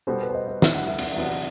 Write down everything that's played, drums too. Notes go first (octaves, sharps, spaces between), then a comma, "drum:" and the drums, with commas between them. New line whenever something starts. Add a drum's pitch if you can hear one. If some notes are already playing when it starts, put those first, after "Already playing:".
B2 G3 B3 A4 C5
B4
C5
B4 D#5
B4 D#5
E5, drum: snare
F#5
E5
F#5, drum: cymbal
E5
E2 C3 F#3 B3
F#5